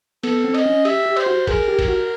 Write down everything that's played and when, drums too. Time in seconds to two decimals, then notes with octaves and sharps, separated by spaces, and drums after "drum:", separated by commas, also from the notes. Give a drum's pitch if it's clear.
0.23 B3 A4, drum: cymbal
0.44 C4
0.54 D#5, drum: cymbal
0.66 C#4
0.85 G4 E5, drum: cymbal
1.06 G4
1.17 C5, drum: cymbal
1.26 F#4
1.47 G#4 A#4, drum: kick G#1, cymbal
1.68 G4
1.79 drum: kick G#1, cymbal
1.88 F#4